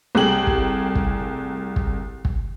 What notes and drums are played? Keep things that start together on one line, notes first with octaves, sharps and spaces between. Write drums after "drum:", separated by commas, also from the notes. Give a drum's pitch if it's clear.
C2 A3 G#4 G5 F#7
drum: kick
drum: kick
drum: kick
drum: kick